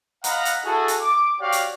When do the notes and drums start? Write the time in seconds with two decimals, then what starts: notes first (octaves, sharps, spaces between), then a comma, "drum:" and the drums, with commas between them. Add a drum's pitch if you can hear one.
0.24 D#5 F5 F#5 A#5 B5, drum: hi-hat
0.45 drum: hi-hat
0.65 E4 F#4 G#4 A4
0.88 drum: hi-hat
1.01 D6
1.40 F#4 G4 C#5 D5 F5
1.52 drum: hi-hat